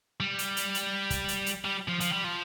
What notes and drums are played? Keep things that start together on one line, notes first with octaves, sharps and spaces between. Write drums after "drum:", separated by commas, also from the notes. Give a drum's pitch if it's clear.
G3
drum: hi-hat
drum: hi-hat
drum: hi-hat
drum: kick, hi-hat
drum: hi-hat
drum: hi-hat
G3
F3
F3, drum: hi-hat
G3
F3